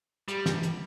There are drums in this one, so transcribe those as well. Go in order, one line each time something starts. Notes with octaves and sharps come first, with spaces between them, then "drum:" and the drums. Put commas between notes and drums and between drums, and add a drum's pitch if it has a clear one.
G3, drum: hi-hat
drum: snare
drum: hi-hat